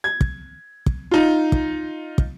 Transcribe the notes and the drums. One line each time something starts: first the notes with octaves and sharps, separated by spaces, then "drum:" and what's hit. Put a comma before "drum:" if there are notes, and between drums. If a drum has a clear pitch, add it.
G#6
drum: kick
drum: kick
D#4 F4
drum: kick
drum: kick